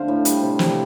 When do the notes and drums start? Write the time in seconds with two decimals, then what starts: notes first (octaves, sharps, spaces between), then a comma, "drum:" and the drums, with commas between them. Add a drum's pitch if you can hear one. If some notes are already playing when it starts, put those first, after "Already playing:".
Already playing: D3 A3 C5 F5
0.08 A2
0.25 G3, drum: hi-hat
0.42 C3
0.59 C3, drum: snare